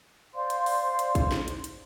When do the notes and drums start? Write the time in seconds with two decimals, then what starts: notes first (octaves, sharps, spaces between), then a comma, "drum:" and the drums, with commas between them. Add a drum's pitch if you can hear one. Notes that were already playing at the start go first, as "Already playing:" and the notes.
0.34 C5 D5 F5 C6
0.50 drum: hi-hat
0.66 drum: open hi-hat
0.99 drum: hi-hat
1.15 drum: kick, hi-hat
1.31 drum: snare
1.48 drum: hi-hat
1.64 drum: hi-hat